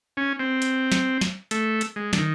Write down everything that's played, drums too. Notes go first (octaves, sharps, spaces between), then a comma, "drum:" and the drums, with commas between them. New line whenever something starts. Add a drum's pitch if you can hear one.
C#4
C4
drum: hi-hat
drum: snare
drum: snare
A3, drum: hi-hat
drum: hi-hat
G#3
D3, drum: snare
D#3